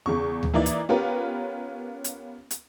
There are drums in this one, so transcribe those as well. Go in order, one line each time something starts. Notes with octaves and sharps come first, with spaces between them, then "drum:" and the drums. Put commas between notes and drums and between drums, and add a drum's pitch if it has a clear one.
E2 C#3 C#6
drum: tom D2
E3 A#3 D#4 E4 D5
drum: hi-hat
B3 C#4 F4 G4 A#4 B4
drum: hi-hat
drum: hi-hat